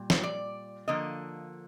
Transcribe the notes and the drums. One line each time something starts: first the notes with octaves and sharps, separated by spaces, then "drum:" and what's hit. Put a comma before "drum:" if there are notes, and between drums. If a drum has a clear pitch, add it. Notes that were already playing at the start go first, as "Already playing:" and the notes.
Already playing: A#2 G3
drum: snare
D5
D3 F3 A#3 D#5